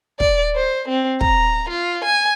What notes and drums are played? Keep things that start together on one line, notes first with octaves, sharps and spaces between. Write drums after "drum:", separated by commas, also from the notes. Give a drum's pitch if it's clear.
D5, drum: kick
C5
C4
A#5, drum: kick
F4
G#5